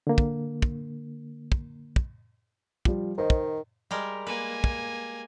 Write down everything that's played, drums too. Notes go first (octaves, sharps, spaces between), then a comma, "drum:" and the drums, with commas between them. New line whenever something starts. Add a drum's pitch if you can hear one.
D3 A#3
drum: kick
drum: kick
drum: kick
drum: kick
F3 G3, drum: kick
D#3 C5 D#5
drum: kick
G3 G#3 A#4
A#3 B4 G#5
drum: kick